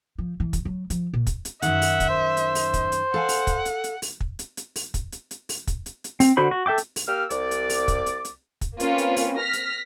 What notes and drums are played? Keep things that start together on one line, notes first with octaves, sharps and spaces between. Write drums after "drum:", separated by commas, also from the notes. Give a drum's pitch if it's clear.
F3
E3
drum: kick, hi-hat
F#3
F3, drum: hi-hat
A#2
drum: kick, hi-hat
drum: hi-hat
F#2 D#3 E5 F#5, drum: hi-hat
drum: open hi-hat
drum: kick, hi-hat
C5
drum: hi-hat
drum: open hi-hat
drum: kick, hi-hat
drum: hi-hat
A4 F5 F#5 G#5
drum: open hi-hat
drum: kick, hi-hat
drum: hi-hat
drum: hi-hat
drum: open hi-hat
drum: kick
drum: hi-hat
drum: hi-hat
drum: open hi-hat
drum: kick, hi-hat
drum: hi-hat
drum: hi-hat
drum: open hi-hat
drum: kick, hi-hat
drum: hi-hat
drum: hi-hat
C4, drum: open hi-hat
D3 F#4 C5 B5
F#4
A4 E5 G5 D6
drum: hi-hat
drum: open hi-hat
A#3 G4 E6 F6
C2 D5 D6, drum: hi-hat
drum: hi-hat
drum: open hi-hat
drum: kick, hi-hat
drum: hi-hat
drum: hi-hat
drum: kick, hi-hat
A#3 C4 C#4 F4 B4, drum: hi-hat
drum: hi-hat
drum: open hi-hat
F6 A#6 B6
drum: hi-hat